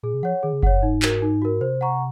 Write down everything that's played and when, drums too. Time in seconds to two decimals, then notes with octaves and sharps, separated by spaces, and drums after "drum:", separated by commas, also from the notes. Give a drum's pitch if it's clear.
0.03 A#2 G#4
0.14 C3
0.23 F3 C#5 F#5
0.43 D#3 G#4
0.53 C#3
0.63 F#2 C#5 F#5, drum: kick F#1
0.73 F#2
0.82 G#2 D#4
1.02 F#4 A#4, drum: clap
1.22 D#4
1.42 F#4 A#4
1.61 C3 C5
1.81 F#5 A#5 C#6